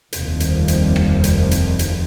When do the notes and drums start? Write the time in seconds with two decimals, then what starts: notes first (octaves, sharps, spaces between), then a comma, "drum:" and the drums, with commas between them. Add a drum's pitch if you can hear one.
0.13 F1 D#2 C3 D#3 F3 G3, drum: hi-hat
0.40 drum: hi-hat
0.68 drum: hi-hat
0.96 drum: rim click
1.24 drum: hi-hat
1.51 drum: hi-hat
1.79 drum: hi-hat